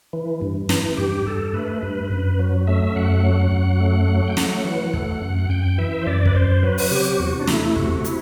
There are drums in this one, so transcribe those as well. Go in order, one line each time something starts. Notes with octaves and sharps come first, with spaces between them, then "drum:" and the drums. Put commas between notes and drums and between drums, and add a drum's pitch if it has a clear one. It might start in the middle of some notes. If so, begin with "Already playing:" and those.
E3
G2
E3, drum: snare
G2 G4
G2 A4
A3 B4
G2 B4
F#2 B4
F#3
A3 E5
F#2 F#5
F#3
F#2
A3
F#3
G5
A3 F#5, drum: snare
E3 F#5
A3, drum: kick
F#2
F#5
F#2 G5
E3 E5
C5
F#2 D5
B4, drum: kick
F#2 C5
F#3 B4
drum: open hi-hat
C3 G4
E2 F#4
D4
A3 E4, drum: snare
C3 F#4, drum: kick
C3 E4, drum: hi-hat